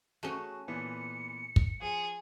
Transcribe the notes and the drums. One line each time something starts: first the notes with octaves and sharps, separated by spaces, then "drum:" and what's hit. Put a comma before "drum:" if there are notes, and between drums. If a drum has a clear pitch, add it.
A3 C#4 F#4 G#4 D#7
A#2 E3 B3 C#7
drum: kick
F3 G#4